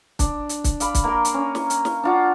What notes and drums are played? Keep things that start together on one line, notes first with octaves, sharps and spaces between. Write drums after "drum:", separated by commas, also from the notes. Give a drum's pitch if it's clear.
D4, drum: kick, hi-hat
drum: hi-hat
drum: kick, hi-hat
D5 F5 B5, drum: hi-hat
drum: kick, hi-hat
A#3 A#4 C6
drum: hi-hat
C#4
drum: snare
drum: hi-hat
drum: snare
D4 F4 F#4